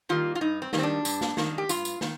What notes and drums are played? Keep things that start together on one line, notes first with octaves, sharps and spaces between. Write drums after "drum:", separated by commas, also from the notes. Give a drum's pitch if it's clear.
D#3 G3 A#3 F4
F4
G2 D#4
C4
D#3 G3 A#3, drum: snare
C4
D4
G2, drum: tambourine
drum: snare
D#3 G3 A#3, drum: snare
G4
G2 F4, drum: tambourine
drum: tambourine
D#3, drum: snare